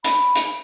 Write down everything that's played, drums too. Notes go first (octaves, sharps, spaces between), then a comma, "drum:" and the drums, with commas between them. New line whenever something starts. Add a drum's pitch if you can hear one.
B5, drum: hi-hat
drum: hi-hat